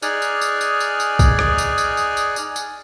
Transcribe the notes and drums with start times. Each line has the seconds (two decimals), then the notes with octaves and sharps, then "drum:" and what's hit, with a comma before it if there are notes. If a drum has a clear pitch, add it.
0.02 D#4 G#4 D5 G#5 F6 F#6, drum: tambourine
0.22 drum: tambourine
0.41 drum: tambourine
0.61 drum: tambourine
0.80 drum: tambourine
1.00 drum: tambourine
1.19 drum: kick, tambourine
1.39 drum: rim click
1.58 drum: tambourine
1.78 drum: tambourine
1.97 drum: tambourine
2.17 drum: tambourine
2.36 drum: tambourine
2.56 drum: tambourine